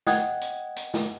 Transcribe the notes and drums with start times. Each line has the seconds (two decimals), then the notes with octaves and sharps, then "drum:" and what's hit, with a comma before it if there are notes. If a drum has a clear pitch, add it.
0.07 D#5 F#5 G5 D#6 F#6 G#6, drum: snare
0.41 drum: hi-hat
0.76 drum: hi-hat
0.94 drum: snare